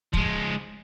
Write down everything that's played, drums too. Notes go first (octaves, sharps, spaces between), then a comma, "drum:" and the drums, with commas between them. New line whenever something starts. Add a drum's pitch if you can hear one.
F3 G#3, drum: kick